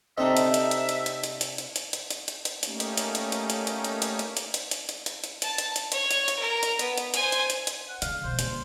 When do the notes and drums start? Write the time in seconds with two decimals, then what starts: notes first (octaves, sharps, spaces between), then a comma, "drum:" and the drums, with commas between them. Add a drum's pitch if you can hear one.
0.18 C3 C4 D4 D#4 A4 D#5 E5
0.37 drum: hi-hat
0.54 drum: hi-hat
0.71 drum: hi-hat
0.89 drum: hi-hat
1.06 drum: hi-hat
1.24 drum: hi-hat
1.41 drum: hi-hat
1.58 drum: hi-hat
1.76 drum: hi-hat
1.93 drum: hi-hat
2.11 drum: hi-hat
2.28 drum: hi-hat
2.45 drum: hi-hat
2.63 A3 A#3 C#4 D#4 G4, drum: hi-hat
2.80 drum: hi-hat
2.97 drum: hi-hat
3.15 drum: hi-hat
3.32 drum: hi-hat
3.50 drum: hi-hat
3.67 drum: hi-hat
3.84 drum: hi-hat
4.02 drum: hi-hat
4.19 drum: hi-hat
4.37 drum: hi-hat
4.54 drum: hi-hat
4.71 drum: hi-hat
4.89 drum: hi-hat
5.06 drum: hi-hat
5.24 drum: hi-hat
5.42 A5, drum: hi-hat
5.58 drum: hi-hat
5.76 drum: hi-hat
5.92 C#5, drum: hi-hat
6.11 drum: hi-hat
6.28 drum: hi-hat
6.39 A#4
6.63 drum: hi-hat
6.79 B3, drum: hi-hat
6.98 drum: hi-hat
7.14 C5 G#5, drum: hi-hat
7.32 drum: hi-hat
7.50 drum: hi-hat
7.67 drum: hi-hat
7.89 F#5
8.02 C#3 F5, drum: hi-hat
8.24 B2 F3 C5
8.39 D#2, drum: hi-hat